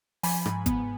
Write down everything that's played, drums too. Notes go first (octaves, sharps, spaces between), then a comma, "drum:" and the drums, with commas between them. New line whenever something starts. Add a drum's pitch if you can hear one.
F3 G#5 B5, drum: open hi-hat
G#2, drum: rim click
B3, drum: kick, hi-hat